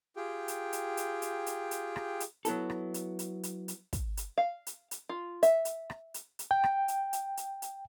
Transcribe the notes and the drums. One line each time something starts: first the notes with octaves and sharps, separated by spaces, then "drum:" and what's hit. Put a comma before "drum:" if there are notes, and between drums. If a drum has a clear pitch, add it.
F4 G4 G#4 G5
drum: hi-hat
drum: hi-hat
drum: hi-hat
drum: hi-hat
drum: hi-hat
drum: hi-hat
drum: rim click
drum: hi-hat
F#3 B3 E4 A4, drum: hi-hat
drum: rim click
drum: hi-hat
drum: hi-hat
drum: hi-hat
drum: hi-hat
drum: kick, hi-hat
drum: hi-hat
F5
drum: hi-hat
drum: hi-hat
F4
E5, drum: hi-hat
drum: hi-hat
drum: rim click
drum: hi-hat
drum: hi-hat
G5
drum: rim click
drum: hi-hat
drum: hi-hat
drum: hi-hat
drum: hi-hat